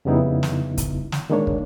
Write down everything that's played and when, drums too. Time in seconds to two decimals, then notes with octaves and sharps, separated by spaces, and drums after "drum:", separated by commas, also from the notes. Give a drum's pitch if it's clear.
0.05 F2 C#3 G3 B3 D#4 E4
0.43 drum: snare
0.78 drum: kick, hi-hat
1.12 drum: snare
1.30 D#3 G#3 A#3 D4 C#5
1.47 drum: kick